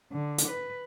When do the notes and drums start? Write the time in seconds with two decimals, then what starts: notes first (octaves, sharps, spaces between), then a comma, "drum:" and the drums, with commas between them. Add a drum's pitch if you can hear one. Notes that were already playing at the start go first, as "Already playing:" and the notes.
0.12 D3
0.38 drum: hi-hat
0.48 B4